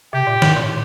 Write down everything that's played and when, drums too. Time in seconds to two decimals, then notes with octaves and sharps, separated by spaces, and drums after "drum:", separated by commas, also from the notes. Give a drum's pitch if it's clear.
0.13 C3 G4
0.27 A#2
0.42 A2, drum: snare
0.56 A#2
0.64 A2